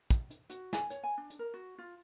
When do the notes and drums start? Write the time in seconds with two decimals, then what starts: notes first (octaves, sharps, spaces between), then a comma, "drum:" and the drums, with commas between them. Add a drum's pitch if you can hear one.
0.10 drum: kick, hi-hat
0.30 drum: hi-hat
0.50 F#4, drum: hi-hat
0.73 G#5, drum: snare
0.90 C#5, drum: hi-hat
1.04 G#5
1.17 D4
1.30 drum: hi-hat
1.39 A#4
1.54 F#4
1.78 F4